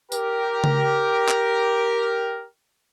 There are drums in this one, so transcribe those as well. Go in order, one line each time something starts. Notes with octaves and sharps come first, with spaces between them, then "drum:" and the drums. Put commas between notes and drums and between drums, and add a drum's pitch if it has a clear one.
G4 A#4, drum: tambourine
drum: tom C#3
drum: clap